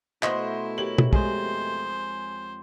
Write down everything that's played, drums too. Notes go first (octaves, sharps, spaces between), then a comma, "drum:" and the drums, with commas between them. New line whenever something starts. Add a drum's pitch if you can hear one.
B2 A3 E4 C5 D#5 F#5 C6 C#6, drum: clap
G4 A#4 C#5 F#7
drum: tom
F2 G#3 G#4 C5, drum: kick